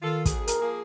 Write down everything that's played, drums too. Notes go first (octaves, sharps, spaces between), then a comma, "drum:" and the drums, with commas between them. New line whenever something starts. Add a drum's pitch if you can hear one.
D#3 F4 A4
D2 G#4, drum: kick, hi-hat
A#4, drum: hi-hat
F3 A#3 G#4